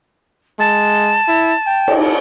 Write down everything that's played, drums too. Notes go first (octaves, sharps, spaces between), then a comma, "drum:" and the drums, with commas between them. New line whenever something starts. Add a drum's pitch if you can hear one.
G#3 A5
E4
G5
drum: cymbal